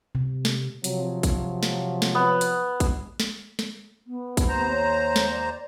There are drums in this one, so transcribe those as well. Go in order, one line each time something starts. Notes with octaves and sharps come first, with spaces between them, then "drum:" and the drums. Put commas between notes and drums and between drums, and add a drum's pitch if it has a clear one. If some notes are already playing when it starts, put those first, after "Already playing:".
C3
drum: snare
C3 F3 F#3, drum: hi-hat
drum: kick, hi-hat
drum: snare
drum: snare
B3
drum: hi-hat
drum: kick, hi-hat
drum: snare
drum: snare
B3
drum: kick, hi-hat
D#2 C5 A#5
C#5
drum: snare
D5